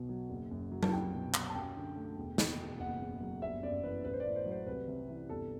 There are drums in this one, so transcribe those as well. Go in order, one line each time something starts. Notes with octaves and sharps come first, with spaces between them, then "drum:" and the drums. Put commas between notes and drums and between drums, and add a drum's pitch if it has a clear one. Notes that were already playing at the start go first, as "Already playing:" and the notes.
Already playing: B1 B2
F#3
F#1
F#2
F#3
A5, drum: tom F#3
C2 G5
B2
F#3, drum: clap
A5
F#2 G5
D3
A3
E1
E2, drum: snare
B2
F#1 F#5
F#2
F#3
G1 E5
F#2 D5
E3 B4
A1 B4
C5
D5
A2
C5
F#3
C5
C2 B4
C3
E3
G1 A4